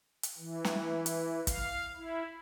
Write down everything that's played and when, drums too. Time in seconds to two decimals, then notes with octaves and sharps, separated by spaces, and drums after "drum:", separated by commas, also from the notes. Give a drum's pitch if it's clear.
0.23 drum: hi-hat
0.38 E3
0.65 drum: snare
1.06 drum: hi-hat
1.47 F5, drum: kick, hi-hat
1.96 E4